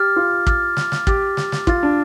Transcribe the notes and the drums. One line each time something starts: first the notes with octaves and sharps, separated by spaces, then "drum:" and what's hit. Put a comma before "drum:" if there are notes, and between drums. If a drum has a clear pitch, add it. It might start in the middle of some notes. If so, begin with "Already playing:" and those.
Already playing: G4 D6 F6 A6
F4
D6 F6 A6, drum: kick
drum: snare
drum: snare
G4 D6 F6 A6, drum: kick
drum: snare
drum: snare
F4 D6 F6 A6, drum: kick
D4